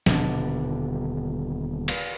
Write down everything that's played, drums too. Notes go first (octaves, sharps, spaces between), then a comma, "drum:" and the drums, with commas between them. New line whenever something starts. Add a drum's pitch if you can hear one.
D#1 B2 D3 D4, drum: snare
drum: cymbal